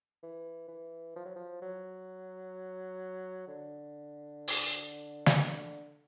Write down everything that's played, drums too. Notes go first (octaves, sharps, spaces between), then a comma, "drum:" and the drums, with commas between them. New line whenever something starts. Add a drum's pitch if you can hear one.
E3
E3
F3
F#3
F3
F#3
D3
drum: open hi-hat
C#3, drum: snare
D3